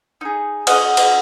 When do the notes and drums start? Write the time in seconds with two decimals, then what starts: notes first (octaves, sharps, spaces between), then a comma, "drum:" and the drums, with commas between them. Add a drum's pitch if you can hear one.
0.21 D#4 G#4
0.67 C#4 D#5 F#5, drum: cymbal
0.97 drum: cymbal